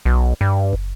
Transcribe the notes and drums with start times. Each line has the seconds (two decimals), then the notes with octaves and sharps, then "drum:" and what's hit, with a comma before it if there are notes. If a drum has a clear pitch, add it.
0.05 B1
0.41 G2
0.73 drum: kick